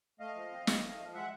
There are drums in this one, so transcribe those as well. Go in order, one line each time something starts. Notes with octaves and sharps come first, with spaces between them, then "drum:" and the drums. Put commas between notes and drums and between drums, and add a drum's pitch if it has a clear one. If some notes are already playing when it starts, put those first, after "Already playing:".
A3 D#5 F5
F3
C4
C4, drum: snare
A3
F3
G#3 E5 F#5